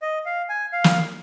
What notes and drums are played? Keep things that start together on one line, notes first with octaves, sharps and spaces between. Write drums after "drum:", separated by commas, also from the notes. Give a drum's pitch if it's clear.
D#5
F5
G#5
F5
drum: snare